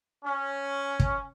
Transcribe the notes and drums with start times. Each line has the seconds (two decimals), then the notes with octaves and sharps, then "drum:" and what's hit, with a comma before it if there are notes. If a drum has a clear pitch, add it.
0.25 C#4
1.00 drum: kick